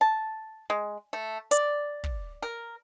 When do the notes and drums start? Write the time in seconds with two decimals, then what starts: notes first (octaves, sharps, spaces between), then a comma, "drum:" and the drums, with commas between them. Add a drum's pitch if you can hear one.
0.01 A5
0.70 G#3
1.13 A3
1.51 D5, drum: hi-hat
2.04 drum: kick
2.42 A#4